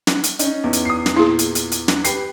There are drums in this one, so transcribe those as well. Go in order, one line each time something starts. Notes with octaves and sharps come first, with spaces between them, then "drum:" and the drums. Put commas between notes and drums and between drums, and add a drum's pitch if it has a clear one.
drum: snare
drum: hi-hat
C#4 D#4, drum: hi-hat
E2
drum: hi-hat
D#6 C7
drum: snare
A#2 E4 G#4
drum: hi-hat
drum: hi-hat
drum: hi-hat
drum: snare
G4 B4 C7, drum: hi-hat